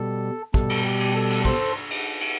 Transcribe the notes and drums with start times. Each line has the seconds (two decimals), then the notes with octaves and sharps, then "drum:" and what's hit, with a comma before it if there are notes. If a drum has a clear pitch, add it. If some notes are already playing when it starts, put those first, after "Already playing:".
Already playing: B2 G3 A4
0.54 B2 G3 A4, drum: kick
0.69 drum: cymbal
0.85 G4
1.00 drum: cymbal
1.14 A4
1.30 drum: cymbal
1.45 A4 C5, drum: kick
1.90 drum: cymbal
2.21 drum: cymbal